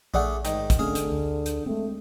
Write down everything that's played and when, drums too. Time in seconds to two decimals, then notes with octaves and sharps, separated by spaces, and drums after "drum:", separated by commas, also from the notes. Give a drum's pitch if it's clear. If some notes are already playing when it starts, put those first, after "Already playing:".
0.14 A#1 A3 D4 G#4 D5 F#5
0.45 G#2 D#3, drum: hi-hat
0.70 drum: kick, hi-hat
0.79 D3 A3 C4 C#4 G#4 F5
0.95 drum: hi-hat
1.12 D2
1.46 drum: hi-hat
1.66 G#3 A3 C4